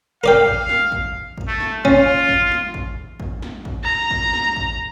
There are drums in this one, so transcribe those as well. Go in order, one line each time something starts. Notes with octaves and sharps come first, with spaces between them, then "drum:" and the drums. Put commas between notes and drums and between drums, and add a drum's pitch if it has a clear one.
A#4 D5 F5 G5
drum: kick
drum: snare
drum: kick
drum: kick
A3
drum: snare
C#4 F4, drum: kick
drum: kick
drum: snare
drum: kick
drum: kick
drum: snare
drum: kick
A#5
drum: kick
drum: snare
drum: kick